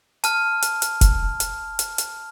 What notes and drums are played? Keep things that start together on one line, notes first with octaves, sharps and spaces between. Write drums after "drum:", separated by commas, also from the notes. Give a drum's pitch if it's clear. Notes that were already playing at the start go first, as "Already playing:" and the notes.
A5 F6, drum: hi-hat
drum: hi-hat
drum: hi-hat
drum: kick F1, hi-hat
drum: hi-hat
drum: hi-hat
drum: hi-hat